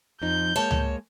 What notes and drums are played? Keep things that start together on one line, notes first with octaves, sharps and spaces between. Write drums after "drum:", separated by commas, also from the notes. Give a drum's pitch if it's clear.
F2 F3 D#4 G6
G#3 A#3 C#5 A5
drum: tom C#2